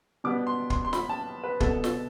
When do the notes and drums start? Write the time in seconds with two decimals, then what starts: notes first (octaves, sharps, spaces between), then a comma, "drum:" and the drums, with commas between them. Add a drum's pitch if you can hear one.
0.24 B2 G3 B3 D4 D6
0.47 C6
0.70 C6, drum: kick
0.85 C6
0.93 B5, drum: snare
1.09 A5
1.44 B4
1.60 C2 B2 B3 D4 A4, drum: kick
1.84 drum: snare